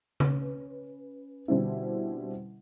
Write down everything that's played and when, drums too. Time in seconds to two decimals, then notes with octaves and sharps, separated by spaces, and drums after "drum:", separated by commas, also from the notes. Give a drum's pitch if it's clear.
0.20 C#4 B4, drum: tom C#3
1.48 B2 D3 G3 C4 C#4 E4